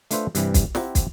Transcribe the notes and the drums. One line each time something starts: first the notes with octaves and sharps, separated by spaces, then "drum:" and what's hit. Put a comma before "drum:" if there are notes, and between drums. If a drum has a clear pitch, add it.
A3 D4 F4 B4 C5 E5, drum: hi-hat
G2 C3 E3 G3, drum: hi-hat
drum: kick, hi-hat
C4 E4 G4 F#5 A#5, drum: snare
drum: kick, hi-hat